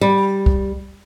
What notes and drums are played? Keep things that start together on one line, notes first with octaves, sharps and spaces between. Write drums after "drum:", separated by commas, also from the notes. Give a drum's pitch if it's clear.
G3
drum: kick